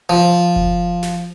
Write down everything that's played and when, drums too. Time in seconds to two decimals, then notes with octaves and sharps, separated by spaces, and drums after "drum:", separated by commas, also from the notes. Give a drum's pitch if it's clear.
0.09 F3
0.56 drum: kick F#1
1.03 drum: snare